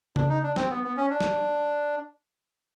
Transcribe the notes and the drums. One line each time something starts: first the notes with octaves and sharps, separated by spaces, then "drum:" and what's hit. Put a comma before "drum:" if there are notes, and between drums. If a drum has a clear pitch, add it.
D4, drum: tom C#3
D#4
D4
C4, drum: snare
B3
B3
C#4
D4
drum: snare